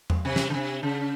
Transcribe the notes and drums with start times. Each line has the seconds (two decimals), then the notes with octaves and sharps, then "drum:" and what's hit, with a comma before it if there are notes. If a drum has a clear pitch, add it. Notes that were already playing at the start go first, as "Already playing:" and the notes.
0.10 drum: tom E2
0.25 C3
0.36 drum: snare
0.50 C#3
0.54 C3
0.83 C#3